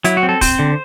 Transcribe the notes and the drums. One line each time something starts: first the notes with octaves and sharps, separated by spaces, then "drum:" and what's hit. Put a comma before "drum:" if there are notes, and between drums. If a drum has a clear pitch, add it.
F#3 E4, drum: hi-hat
F#4
C4
A4
C4 C5, drum: kick, open hi-hat
D3